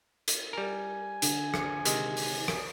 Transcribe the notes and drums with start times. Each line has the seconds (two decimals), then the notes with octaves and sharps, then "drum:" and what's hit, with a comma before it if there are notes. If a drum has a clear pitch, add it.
0.28 drum: hi-hat
0.53 G3 A#4 G#5
1.22 D3, drum: hi-hat
1.54 drum: rim click
1.85 C3 D#3 G#3, drum: hi-hat
2.17 drum: open hi-hat
2.48 drum: rim click